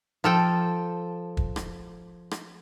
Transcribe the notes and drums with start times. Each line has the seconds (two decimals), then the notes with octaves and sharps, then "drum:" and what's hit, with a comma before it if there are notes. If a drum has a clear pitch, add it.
0.24 F3 A4 G5
1.37 drum: kick
1.56 drum: rim click
2.31 drum: rim click